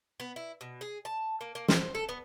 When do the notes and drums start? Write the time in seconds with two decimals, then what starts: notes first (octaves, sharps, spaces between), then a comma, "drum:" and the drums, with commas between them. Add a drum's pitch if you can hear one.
0.20 B3
0.36 E4
0.61 B2
0.81 G#4
1.05 A5
1.41 A#3
1.55 A#3
1.68 C5, drum: snare
1.95 A4
2.09 B3